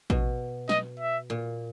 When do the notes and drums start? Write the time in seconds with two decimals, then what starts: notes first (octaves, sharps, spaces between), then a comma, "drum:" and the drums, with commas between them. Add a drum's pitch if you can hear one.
0.10 B2, drum: kick A1
0.69 D#5, drum: snare
1.00 E5
1.30 A#2